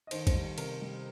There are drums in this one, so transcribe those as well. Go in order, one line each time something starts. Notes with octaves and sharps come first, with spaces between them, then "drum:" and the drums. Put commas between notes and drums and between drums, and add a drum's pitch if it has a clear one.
D#5
D#3 C5, drum: cymbal
C5, drum: kick, cymbal
G3
C3 A#4, drum: cymbal
G3